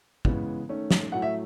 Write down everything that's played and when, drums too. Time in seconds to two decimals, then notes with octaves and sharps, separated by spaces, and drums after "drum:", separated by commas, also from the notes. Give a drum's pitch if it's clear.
0.25 C#3 E3 G#3 B3, drum: kick
0.69 D#3 A3 C#4
0.91 drum: snare
1.12 A2 F#3 A3 F#5
1.22 E5